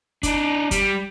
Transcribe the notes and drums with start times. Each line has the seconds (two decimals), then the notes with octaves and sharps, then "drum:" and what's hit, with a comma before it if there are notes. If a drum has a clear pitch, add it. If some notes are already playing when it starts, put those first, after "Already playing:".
0.23 D4 D#4, drum: kick, hi-hat
0.71 G3, drum: kick, hi-hat